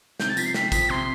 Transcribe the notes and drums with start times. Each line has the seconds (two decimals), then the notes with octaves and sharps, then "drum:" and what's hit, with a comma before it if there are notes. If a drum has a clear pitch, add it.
0.20 C3 G6, drum: snare
0.29 A6
0.37 F3 B6, drum: tambourine
0.46 C7
0.54 C4 B6, drum: snare
0.72 F2 B6, drum: kick, tambourine
0.90 C3 C6